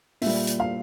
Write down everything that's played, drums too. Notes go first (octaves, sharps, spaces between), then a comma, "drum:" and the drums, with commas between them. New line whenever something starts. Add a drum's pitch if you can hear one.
A#2 G3 E5, drum: open hi-hat
drum: hi-hat
F5